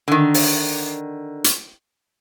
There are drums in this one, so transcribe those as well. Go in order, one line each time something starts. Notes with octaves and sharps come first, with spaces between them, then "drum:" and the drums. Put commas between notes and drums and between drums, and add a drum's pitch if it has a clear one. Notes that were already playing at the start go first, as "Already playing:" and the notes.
D3 D#3
drum: open hi-hat
drum: hi-hat